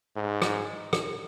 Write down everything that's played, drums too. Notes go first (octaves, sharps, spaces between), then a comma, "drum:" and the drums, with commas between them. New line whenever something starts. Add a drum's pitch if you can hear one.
G#2
drum: rim click
drum: rim click